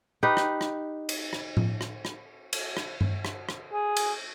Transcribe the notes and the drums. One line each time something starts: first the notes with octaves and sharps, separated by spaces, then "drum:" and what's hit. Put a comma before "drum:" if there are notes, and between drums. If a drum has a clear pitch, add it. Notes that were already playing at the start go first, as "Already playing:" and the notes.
D#4 G4 B4
drum: rim click
drum: rim click
drum: cymbal
drum: rim click
drum: tom A2
drum: rim click
drum: rim click
drum: cymbal
drum: rim click
drum: tom G2
drum: rim click
drum: rim click
G#4
drum: cymbal